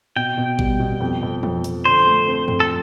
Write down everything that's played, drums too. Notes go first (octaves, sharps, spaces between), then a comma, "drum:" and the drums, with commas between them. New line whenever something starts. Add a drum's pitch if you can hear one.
B2 G5
B2
G3, drum: kick G#1
B2
F2
F2
F2, drum: tom
F2, drum: hi-hat
D3 C5
A3
C4
F2, drum: tom
A4